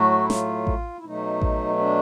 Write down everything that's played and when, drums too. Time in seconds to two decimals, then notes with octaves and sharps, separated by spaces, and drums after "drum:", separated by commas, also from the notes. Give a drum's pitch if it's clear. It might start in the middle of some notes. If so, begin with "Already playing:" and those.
Already playing: A2 F#3 A3 F#4
0.18 E4
0.30 F4, drum: snare
0.67 drum: kick A1
0.97 E4
1.04 B2 F#3 A3 D#4
1.42 drum: kick A1
1.79 D4